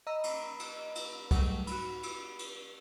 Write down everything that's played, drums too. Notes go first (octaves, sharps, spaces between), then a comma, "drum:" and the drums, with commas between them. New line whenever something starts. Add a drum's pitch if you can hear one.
D#5 A#5 B5 E6
drum: cymbal
drum: cymbal
drum: cymbal
G#2 F#3 G3 A3, drum: kick, cymbal
F#4 B5, drum: cymbal
drum: cymbal
drum: cymbal